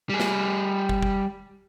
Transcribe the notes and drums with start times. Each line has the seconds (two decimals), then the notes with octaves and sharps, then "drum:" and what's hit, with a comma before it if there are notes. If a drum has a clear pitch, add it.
0.10 G3 G#4
0.20 drum: snare
0.89 drum: kick
1.03 drum: kick